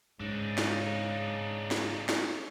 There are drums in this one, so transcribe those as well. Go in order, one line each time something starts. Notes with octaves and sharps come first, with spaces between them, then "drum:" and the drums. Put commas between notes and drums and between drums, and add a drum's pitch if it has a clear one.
G#2 C#3 D4 D#4
drum: snare
drum: snare
drum: snare